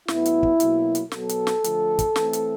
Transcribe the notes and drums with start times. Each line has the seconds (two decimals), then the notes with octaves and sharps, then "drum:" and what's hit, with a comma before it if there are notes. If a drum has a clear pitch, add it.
0.08 A2 F#3 B3 E4, drum: snare
0.25 drum: hi-hat
0.43 drum: kick
0.60 B2 F#3 A#3, drum: hi-hat
0.95 drum: hi-hat
1.12 B2 F#3 B3 A4, drum: snare
1.29 drum: hi-hat
1.47 drum: snare
1.64 D3 F3 A3, drum: hi-hat
1.99 drum: kick, hi-hat
2.16 E3 A3 C4, drum: snare
2.33 drum: hi-hat